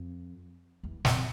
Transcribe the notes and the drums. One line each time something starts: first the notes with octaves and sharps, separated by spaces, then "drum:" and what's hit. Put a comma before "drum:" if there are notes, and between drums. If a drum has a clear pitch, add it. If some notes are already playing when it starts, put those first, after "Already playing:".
Already playing: F2
E2
F2, drum: snare